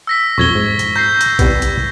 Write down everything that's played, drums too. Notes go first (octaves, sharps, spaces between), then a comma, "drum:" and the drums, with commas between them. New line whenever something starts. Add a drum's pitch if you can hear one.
E6 A#6 B6
B1 F2 C#6 G#6 G7
G#2
drum: hi-hat
A#5 G6 A#6 C7
drum: hi-hat
C2 G3 B3, drum: kick A#1, hi-hat
drum: hi-hat